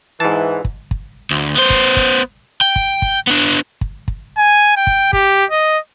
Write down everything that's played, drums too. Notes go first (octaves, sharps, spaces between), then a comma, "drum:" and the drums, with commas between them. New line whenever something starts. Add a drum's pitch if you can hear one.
G#2 E3 A5
drum: kick
drum: kick
D2
B3 C5
drum: kick
drum: kick
G5
drum: kick
drum: kick
B3 D4
drum: kick
drum: kick
G#5
G5
drum: kick
G4, drum: kick
D#5